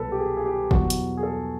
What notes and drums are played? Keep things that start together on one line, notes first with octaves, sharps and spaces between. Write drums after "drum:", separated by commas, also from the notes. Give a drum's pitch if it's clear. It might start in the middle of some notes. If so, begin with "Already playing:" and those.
Already playing: C2 B2 F#3 A4 B4
G4
G#4
G#4
G4
E2 B2 F#3 F#4, drum: kick G1
drum: hi-hat
G#4
A4